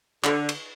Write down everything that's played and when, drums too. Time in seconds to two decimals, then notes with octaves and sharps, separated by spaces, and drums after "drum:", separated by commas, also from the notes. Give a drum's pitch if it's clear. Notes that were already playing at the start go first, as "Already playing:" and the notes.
0.24 D3, drum: clap
0.49 drum: cymbal